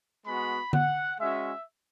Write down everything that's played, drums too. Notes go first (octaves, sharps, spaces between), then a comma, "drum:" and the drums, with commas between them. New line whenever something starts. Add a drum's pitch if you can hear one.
G#3 B3 F#4 B5
F#5, drum: tom D3
G#3 C#4 F#4 E5